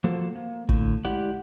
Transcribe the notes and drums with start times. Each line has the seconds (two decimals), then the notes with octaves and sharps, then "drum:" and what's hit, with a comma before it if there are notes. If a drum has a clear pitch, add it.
0.04 F3 A#3 F#4 A4 C5
0.36 A#3
0.69 A2 D3, drum: kick
1.05 G#3 E4 G4 D5 F#5